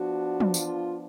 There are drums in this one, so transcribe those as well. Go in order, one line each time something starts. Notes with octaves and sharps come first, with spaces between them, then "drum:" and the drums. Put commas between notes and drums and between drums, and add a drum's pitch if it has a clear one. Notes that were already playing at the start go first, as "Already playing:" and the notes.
Already playing: F3 B3 D4 F#4
drum: tom
F4, drum: tambourine